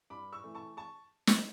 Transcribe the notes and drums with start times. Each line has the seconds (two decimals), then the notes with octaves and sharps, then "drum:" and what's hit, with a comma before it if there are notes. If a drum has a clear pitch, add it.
0.10 G2 B5 D6
0.33 C#6 E6
0.43 E3 A3
0.55 A5 C#6
0.77 A5 C#6
1.27 drum: snare